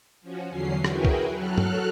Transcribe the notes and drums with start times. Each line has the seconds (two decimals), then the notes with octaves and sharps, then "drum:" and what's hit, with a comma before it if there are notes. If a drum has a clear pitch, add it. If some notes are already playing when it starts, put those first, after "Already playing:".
0.21 F3 C#4 F#4
0.49 E2 D3 F#3 C#4 C7
0.85 E4 F#4 G#4 A#4 B4 G5, drum: rim click
1.05 drum: kick
1.32 F#3 A4 F6 F#6
1.58 drum: tom